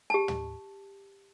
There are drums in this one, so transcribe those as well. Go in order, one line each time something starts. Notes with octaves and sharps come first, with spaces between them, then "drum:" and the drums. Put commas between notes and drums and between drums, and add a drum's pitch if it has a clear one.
G4 A5
drum: tom